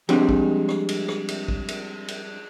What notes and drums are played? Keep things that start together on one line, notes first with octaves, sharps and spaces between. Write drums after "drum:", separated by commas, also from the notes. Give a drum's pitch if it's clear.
F3 G3 G#3 C4 D4, drum: cymbal
drum: kick A1
drum: rim click
drum: cymbal
drum: rim click
drum: cymbal
drum: kick A1
drum: cymbal
drum: cymbal